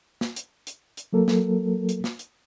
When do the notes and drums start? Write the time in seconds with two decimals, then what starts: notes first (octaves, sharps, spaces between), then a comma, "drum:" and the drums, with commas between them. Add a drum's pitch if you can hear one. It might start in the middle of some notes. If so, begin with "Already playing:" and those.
0.21 drum: snare
0.36 drum: hi-hat
0.67 drum: hi-hat
0.97 drum: hi-hat
1.13 F#3 A#3 A4 A#4
1.28 drum: snare
1.89 drum: hi-hat
2.04 drum: snare
2.19 drum: hi-hat